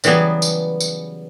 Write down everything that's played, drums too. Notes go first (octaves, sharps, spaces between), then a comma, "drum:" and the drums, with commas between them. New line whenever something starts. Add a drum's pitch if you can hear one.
C#3 E3 F#3 G3 B3 G#4, drum: tambourine
drum: tambourine
drum: tambourine